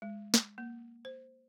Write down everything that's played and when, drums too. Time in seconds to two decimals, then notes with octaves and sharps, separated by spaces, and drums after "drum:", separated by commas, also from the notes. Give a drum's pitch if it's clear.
0.02 G#3
0.34 drum: snare
0.58 A#3
1.05 C5